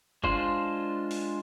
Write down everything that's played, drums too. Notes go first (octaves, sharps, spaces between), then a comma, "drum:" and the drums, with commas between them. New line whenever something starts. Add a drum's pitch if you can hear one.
G#3 D4 F4 C5, drum: kick
drum: open hi-hat